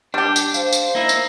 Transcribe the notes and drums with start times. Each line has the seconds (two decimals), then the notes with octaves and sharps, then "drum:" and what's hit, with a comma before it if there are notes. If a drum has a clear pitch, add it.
0.14 G3 D4 G4 G6
0.36 drum: tambourine
0.54 C5 F5, drum: tambourine
0.72 drum: tambourine
0.95 A#3 D#4 E4
1.09 drum: tambourine